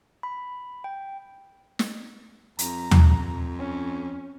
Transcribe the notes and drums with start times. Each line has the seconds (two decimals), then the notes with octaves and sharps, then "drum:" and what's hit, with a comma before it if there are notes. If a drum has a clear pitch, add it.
0.23 B5
0.84 G5
1.79 drum: snare
2.59 F2 A#5, drum: hi-hat
2.91 drum: tom D#2
3.59 C#4